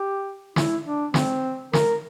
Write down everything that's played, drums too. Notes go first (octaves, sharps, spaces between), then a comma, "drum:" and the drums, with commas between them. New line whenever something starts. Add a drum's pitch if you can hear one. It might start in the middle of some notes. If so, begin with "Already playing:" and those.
Already playing: G4
E4, drum: snare
D4
C4, drum: snare
A#4, drum: snare